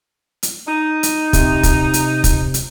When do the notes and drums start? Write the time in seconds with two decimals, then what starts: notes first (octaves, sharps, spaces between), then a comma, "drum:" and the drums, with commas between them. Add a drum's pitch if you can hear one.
0.43 drum: hi-hat
0.66 D#4
1.03 drum: hi-hat
1.33 C3, drum: kick, hi-hat
1.63 drum: kick, hi-hat
1.94 drum: hi-hat
2.24 drum: kick, hi-hat
2.54 drum: hi-hat